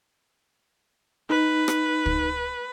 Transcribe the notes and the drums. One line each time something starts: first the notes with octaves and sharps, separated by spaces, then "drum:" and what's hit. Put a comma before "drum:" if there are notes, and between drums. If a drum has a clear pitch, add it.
D#4 B4
drum: rim click
drum: kick